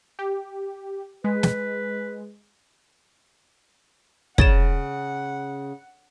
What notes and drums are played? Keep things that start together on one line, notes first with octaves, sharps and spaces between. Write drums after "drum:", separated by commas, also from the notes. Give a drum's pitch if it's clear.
G4
G#3 B4
drum: snare
C#3 C#5 F#5 A6 E7, drum: kick